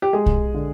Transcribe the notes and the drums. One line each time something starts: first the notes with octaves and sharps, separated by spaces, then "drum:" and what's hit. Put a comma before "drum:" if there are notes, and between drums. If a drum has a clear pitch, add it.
G4
G#3 G#4
drum: kick
D3